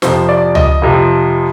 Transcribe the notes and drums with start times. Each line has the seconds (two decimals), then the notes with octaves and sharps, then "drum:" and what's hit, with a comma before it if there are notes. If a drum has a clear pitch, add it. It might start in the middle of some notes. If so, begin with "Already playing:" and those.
0.02 F2 C3 F3 C5, drum: snare
0.29 D5
0.55 D#5, drum: tom C#2
0.82 F2 C3 F3